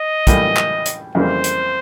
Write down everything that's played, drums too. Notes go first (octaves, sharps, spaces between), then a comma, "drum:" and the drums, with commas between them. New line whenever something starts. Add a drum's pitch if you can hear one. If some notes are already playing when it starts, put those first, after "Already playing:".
Already playing: D#5
A2 E3 G3 A#3, drum: kick, hi-hat
drum: clap
drum: hi-hat
F2 C#3 E3 G3 A#3 C5
drum: hi-hat